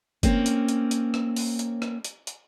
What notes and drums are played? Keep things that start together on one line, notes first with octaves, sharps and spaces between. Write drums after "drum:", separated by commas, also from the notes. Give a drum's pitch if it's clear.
A#3 C4 C#4, drum: kick, hi-hat
drum: hi-hat
drum: hi-hat
drum: hi-hat
drum: rim click
drum: open hi-hat
drum: hi-hat
drum: rim click
drum: hi-hat
drum: hi-hat